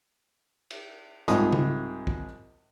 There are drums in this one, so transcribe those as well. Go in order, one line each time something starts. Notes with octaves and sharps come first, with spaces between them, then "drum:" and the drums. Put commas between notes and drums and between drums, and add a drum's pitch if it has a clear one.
drum: cymbal
C2 G#2 F3 D#6, drum: hi-hat
drum: tom C#3
drum: kick